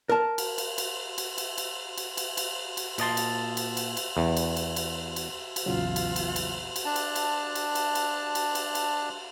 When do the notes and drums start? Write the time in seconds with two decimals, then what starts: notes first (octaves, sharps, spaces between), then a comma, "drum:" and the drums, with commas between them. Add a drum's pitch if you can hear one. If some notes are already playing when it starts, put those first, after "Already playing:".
0.09 A#4 A5
0.38 drum: cymbal
0.58 drum: cymbal
0.78 drum: cymbal
1.18 drum: cymbal
1.38 drum: cymbal
1.58 drum: cymbal
1.97 drum: cymbal
2.17 drum: cymbal
2.37 drum: cymbal
2.77 drum: cymbal
2.98 A#2 D#5 A5 C6, drum: cymbal
3.17 drum: cymbal
3.57 drum: cymbal
3.77 drum: cymbal
3.97 drum: cymbal
4.17 E2
4.37 drum: cymbal
4.57 drum: cymbal
4.76 drum: cymbal
5.16 drum: cymbal
5.56 drum: cymbal
5.66 A#1 E2 A#2 C#3 F#3 F4
5.96 drum: cymbal
6.16 drum: cymbal
6.36 drum: cymbal
6.76 drum: cymbal
6.85 D4 A5
6.96 drum: cymbal
7.16 drum: cymbal
7.55 drum: cymbal
7.75 drum: cymbal
7.95 drum: cymbal
8.35 drum: cymbal
8.55 drum: cymbal
8.75 drum: cymbal